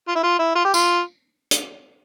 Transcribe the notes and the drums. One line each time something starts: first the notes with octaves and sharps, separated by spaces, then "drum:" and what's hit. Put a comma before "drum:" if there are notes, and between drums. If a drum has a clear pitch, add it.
F4
E4
F4
E4
F4
G4
F4, drum: tambourine
drum: hi-hat